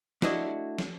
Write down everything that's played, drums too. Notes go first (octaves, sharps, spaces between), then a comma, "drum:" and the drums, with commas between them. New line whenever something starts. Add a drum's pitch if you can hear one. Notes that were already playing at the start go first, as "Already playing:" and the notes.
A3 D4 E4 F#4 D#5, drum: snare
drum: snare